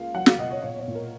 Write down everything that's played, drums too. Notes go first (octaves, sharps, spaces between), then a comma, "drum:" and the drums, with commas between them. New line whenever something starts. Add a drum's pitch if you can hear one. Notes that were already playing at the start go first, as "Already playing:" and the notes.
Already playing: C#2 A#3 F5
F#3 F#5
F5, drum: snare
B2 D#5
C#5
A#2 C#5
C#5
A#2
A#4